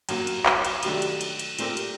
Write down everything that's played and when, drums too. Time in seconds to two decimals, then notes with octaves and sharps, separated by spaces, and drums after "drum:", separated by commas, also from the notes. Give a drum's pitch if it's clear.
0.09 F#2 F#3 A#3 F#4, drum: cymbal
0.27 drum: cymbal
0.46 drum: clap
0.65 drum: cymbal
0.83 C3 D#3 F#3 A3 D4, drum: cymbal
1.02 drum: cymbal
1.21 drum: cymbal
1.39 drum: cymbal
1.59 A#2 A3 C4 G4 A#4, drum: cymbal
1.77 drum: cymbal